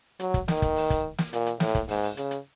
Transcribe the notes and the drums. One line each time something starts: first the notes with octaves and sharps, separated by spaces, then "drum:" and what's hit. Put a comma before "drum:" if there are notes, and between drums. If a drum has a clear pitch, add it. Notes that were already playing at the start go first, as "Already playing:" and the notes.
F#3, drum: hi-hat
drum: kick, hi-hat
D#3, drum: snare
drum: kick, hi-hat
drum: open hi-hat
drum: kick, hi-hat
drum: snare
A#2, drum: hi-hat
drum: hi-hat
A2, drum: snare
drum: kick, hi-hat
G#2, drum: open hi-hat
drum: open hi-hat
C#3, drum: hi-hat
drum: hi-hat